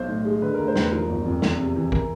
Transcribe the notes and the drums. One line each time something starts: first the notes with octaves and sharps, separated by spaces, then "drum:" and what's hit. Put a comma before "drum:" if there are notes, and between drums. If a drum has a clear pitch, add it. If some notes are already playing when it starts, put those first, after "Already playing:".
Already playing: B1 C5
A2
G#3
D3 B4
D2 A#4
C5
E1 B4, drum: snare
F3 A#4
G1
F2
E2, drum: snare
C3
E3
A#4, drum: kick